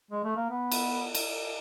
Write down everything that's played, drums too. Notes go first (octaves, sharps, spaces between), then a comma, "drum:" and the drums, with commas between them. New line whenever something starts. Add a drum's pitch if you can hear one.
G#3
A3
A#3
B3
drum: cymbal
drum: cymbal